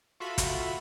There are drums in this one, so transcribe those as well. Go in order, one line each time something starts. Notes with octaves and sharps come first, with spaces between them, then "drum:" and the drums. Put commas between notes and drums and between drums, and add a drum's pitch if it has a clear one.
F4 F#4 A4 E5 B5
drum: kick, hi-hat